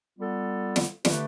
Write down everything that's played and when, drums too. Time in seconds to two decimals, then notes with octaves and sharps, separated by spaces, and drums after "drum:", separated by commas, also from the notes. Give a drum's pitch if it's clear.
0.17 G3 B3 F4 A4
0.76 drum: snare
1.05 D3 A3 D4 G4 B4, drum: snare